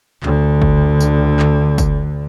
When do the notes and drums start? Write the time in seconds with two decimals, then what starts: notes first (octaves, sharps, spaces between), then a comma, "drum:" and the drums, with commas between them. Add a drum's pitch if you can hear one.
0.23 D2 D3, drum: clap
0.62 drum: kick G1
1.00 drum: tambourine
1.39 drum: clap
1.78 drum: kick G1, tambourine